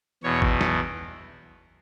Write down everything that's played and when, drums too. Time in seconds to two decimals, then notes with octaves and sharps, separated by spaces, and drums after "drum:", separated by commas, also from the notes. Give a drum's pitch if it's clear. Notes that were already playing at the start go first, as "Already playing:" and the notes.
0.23 E2 B2 C#5
0.42 drum: kick G#1
0.61 drum: snare